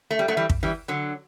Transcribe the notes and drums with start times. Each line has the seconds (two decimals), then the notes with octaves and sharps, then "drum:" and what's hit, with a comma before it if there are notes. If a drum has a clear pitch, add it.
0.11 A3
0.19 G3
0.28 F#3 A3
0.37 E3 G3
0.50 drum: kick
0.63 E3 G3
0.88 D3 F#3